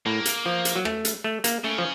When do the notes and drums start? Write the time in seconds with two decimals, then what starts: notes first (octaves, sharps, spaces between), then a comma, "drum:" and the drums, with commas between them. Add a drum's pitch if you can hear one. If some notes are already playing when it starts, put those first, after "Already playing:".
0.06 A2 A#3
0.25 drum: hi-hat
0.46 F3
0.65 drum: hi-hat
0.76 F#3
0.85 A3, drum: rim click
1.05 drum: hi-hat
1.24 A3
1.44 A#3, drum: hi-hat
1.64 C#3 A3
1.78 F3